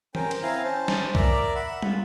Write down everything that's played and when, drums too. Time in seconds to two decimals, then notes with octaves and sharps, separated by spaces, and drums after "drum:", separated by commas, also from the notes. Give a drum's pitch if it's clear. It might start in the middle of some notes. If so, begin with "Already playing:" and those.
0.15 C#4 A#4 C5 G5, drum: tom E3
0.31 drum: cymbal
0.43 C4 E4 F5 G#5 A#5
0.64 C#4 C5 A5
0.88 drum: snare
1.15 A#4 D5 E5 A#5 D6, drum: kick B1
1.55 E5 F#5 B5
1.82 F4, drum: tom